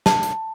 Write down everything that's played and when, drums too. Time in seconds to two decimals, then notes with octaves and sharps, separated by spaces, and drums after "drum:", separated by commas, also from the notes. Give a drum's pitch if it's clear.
0.06 A5, drum: snare
0.23 drum: hi-hat